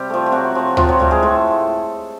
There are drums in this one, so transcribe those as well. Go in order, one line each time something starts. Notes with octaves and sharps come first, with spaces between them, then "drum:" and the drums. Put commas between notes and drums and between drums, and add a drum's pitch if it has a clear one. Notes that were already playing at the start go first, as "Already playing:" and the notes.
Already playing: C3 G3 G4
F3 A3
G4
C3 F#3 F#4
F3 A3
C3 F3 F4, drum: tom D2
F#3 F#4
F3 G3 A3 G4
G#3 G#4
A2 A3 A4